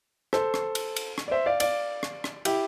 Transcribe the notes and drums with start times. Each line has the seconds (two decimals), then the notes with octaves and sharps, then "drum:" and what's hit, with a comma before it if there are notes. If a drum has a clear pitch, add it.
0.33 A4 C5, drum: rim click
0.54 drum: rim click
0.75 drum: cymbal
0.96 drum: cymbal
1.18 drum: rim click
1.28 D5
1.31 C5 E5
1.46 D5 F5
1.60 D5 F5, drum: cymbal
2.03 drum: rim click
2.24 drum: rim click
2.45 E4 G4, drum: cymbal